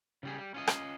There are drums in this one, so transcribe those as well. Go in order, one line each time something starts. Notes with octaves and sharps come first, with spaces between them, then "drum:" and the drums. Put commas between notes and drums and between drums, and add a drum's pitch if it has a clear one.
C#3 G3 G#4
G3
C#4 F4 D#5
drum: rim click